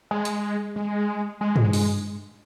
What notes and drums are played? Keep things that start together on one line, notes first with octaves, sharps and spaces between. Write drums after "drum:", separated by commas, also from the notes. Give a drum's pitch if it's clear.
G#3
drum: hi-hat
G#3
G#3
drum: tom
drum: open hi-hat